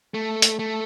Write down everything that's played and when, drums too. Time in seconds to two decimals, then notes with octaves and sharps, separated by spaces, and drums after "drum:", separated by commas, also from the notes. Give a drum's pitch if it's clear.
0.14 A3
0.42 drum: hi-hat
0.59 A3